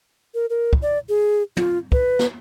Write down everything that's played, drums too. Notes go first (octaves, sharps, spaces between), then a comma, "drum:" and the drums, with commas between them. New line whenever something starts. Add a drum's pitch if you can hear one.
A#4
A#4
drum: kick
D5
G#4
F4, drum: tom
B4, drum: kick
drum: snare